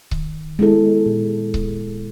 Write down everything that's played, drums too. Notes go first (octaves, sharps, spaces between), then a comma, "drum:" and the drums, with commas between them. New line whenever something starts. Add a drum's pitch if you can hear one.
D#3, drum: kick C#1
G#3 B3 E4 A4
A#2
drum: kick C#1